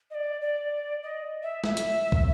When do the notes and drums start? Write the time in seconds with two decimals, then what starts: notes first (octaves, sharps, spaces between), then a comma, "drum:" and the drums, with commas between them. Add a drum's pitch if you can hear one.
0.11 D#5
0.15 D5
0.41 D5
1.03 D#5
1.43 E5
1.64 E5, drum: snare
1.77 drum: hi-hat
2.12 drum: kick